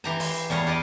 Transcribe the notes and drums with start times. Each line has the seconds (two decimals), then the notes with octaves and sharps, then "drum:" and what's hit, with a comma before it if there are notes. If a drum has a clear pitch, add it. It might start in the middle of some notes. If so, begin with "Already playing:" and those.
0.04 E3 G4 A#5
0.20 C6, drum: open hi-hat
0.50 E2 G3 C#5 F5
0.67 G4 D5 D#5